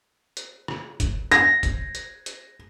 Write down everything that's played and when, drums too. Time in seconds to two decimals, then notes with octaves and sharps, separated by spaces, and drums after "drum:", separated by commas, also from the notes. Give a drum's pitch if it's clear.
0.37 drum: hi-hat
0.68 drum: rim click
1.00 drum: kick, hi-hat
1.32 A#6, drum: hi-hat
1.63 drum: kick, hi-hat
1.95 drum: hi-hat
2.26 drum: hi-hat